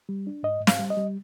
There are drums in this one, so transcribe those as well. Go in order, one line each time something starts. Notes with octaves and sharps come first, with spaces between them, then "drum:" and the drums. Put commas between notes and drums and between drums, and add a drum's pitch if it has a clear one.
G3
D4
G#2 D#5
G#2
F5, drum: snare
G3
D#5
G3